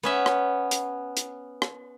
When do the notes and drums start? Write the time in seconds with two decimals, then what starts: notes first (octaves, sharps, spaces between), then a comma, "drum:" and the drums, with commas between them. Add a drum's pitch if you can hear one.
0.03 B3 C#4 E5
0.26 drum: rim click
0.71 drum: hi-hat
1.17 drum: hi-hat
1.62 drum: rim click